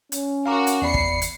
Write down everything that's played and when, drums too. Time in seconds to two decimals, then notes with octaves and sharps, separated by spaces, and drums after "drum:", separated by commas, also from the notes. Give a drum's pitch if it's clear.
0.12 C#4, drum: hi-hat
0.46 F#4 A#4 F5 A#5 D6
0.67 drum: hi-hat
0.82 E2 D5 B5 C7 C#7
0.94 drum: kick
1.22 drum: hi-hat